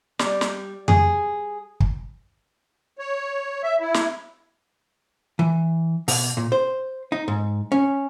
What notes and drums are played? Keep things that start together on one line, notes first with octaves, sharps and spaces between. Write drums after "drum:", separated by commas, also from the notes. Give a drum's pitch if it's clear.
G3, drum: snare
drum: snare
G#4, drum: tom F2
drum: kick
C#5
E5
E4
drum: snare
E3
B2, drum: open hi-hat
A#2
C5
D#4
G#2
C#4